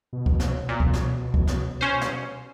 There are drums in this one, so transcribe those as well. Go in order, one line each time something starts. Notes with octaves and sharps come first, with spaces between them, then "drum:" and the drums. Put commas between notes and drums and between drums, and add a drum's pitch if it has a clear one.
B2
drum: kick
drum: snare
A#2
drum: kick
drum: snare
drum: kick
drum: snare
C#4 C5
drum: snare